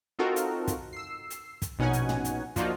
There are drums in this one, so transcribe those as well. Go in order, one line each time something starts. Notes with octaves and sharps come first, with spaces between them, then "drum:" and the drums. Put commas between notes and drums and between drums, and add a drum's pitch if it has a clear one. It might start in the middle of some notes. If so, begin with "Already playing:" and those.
C4 D#4 F4 F#4 A4 A#4
drum: hi-hat
drum: kick, hi-hat
E6 C7
drum: hi-hat
drum: kick, hi-hat
A#1 B2 C#4 D#4 F#5 G#5
drum: hi-hat
drum: tom
drum: hi-hat
F3 A#3 D4 D#4 F4 F#4, drum: kick, hi-hat